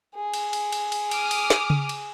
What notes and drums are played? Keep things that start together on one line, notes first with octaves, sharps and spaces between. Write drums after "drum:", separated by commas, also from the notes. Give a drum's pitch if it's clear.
G#4
drum: cymbal
drum: cymbal
drum: cymbal
drum: cymbal
D6 D#6 F6, drum: cymbal
drum: cymbal
drum: snare
drum: tom C#3
drum: cymbal